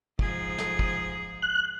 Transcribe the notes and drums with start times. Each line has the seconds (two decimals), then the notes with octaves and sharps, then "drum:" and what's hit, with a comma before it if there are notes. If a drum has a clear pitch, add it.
0.19 G#2 F3 G#4, drum: kick
0.58 drum: snare
0.79 drum: kick
1.42 F#6